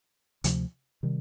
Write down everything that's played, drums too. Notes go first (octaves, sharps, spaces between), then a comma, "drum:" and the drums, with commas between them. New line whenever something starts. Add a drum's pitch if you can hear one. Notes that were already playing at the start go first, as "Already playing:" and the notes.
D2 C3 F3, drum: hi-hat
C3 D#3 G3